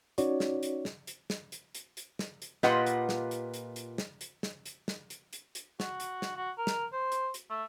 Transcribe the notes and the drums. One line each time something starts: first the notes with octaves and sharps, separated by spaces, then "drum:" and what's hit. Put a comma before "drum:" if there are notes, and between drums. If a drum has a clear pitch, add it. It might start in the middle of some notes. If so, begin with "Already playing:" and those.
C#4 D#4 F#4 C#5 D5, drum: hi-hat
drum: snare
drum: hi-hat
drum: snare
drum: hi-hat
drum: snare
drum: hi-hat
drum: hi-hat
drum: hi-hat
drum: snare
drum: hi-hat
A#2 F4 G4 B4 D#5 F#5, drum: snare
drum: hi-hat
drum: snare
drum: hi-hat
drum: hi-hat
drum: hi-hat
drum: snare
drum: hi-hat
drum: snare
drum: hi-hat
drum: snare
drum: hi-hat
drum: hi-hat
drum: hi-hat
F#4, drum: snare
drum: hi-hat
drum: snare
F#4
A#4
drum: snare
C5
drum: hi-hat
drum: hi-hat
A3